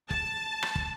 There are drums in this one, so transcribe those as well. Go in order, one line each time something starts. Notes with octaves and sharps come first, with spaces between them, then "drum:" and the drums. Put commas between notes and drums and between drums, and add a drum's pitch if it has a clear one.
A5, drum: kick
drum: rim click
drum: kick